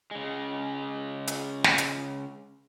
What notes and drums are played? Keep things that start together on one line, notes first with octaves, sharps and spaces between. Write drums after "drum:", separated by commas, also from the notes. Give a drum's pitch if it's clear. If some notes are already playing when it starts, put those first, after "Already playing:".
C#3 G#3
drum: hi-hat
drum: snare
drum: hi-hat